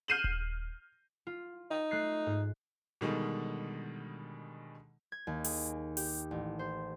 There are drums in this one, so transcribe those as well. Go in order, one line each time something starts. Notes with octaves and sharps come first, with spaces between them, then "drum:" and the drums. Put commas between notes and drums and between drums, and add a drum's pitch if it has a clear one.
F6 G6 C7 D#7 E7 F#7
drum: kick D#1
F4
D#4
A3 F#6 C7
G#2
B2 D3 D#3 G3 G#3
G#6
D#2
G#4, drum: open hi-hat
G4, drum: open hi-hat
A1
C5